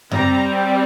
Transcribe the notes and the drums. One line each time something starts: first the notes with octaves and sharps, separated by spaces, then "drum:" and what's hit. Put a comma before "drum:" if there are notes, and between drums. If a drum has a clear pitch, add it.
G3 C4 A#5, drum: tom F#2